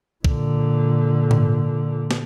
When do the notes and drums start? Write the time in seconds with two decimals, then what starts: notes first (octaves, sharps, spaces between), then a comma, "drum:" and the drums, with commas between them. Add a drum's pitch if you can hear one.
0.25 A#2 D3, drum: kick B1
1.31 drum: tom G#2
2.11 drum: snare